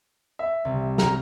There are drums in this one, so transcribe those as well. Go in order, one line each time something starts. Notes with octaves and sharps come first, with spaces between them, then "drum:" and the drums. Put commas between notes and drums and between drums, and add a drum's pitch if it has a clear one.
E5
C2 G3
A#5 F6, drum: snare